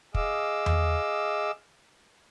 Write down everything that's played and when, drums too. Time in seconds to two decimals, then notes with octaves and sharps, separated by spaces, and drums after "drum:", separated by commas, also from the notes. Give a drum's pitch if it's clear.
0.15 G#4 D#5 F5 D6 E6, drum: kick
0.66 drum: tom E2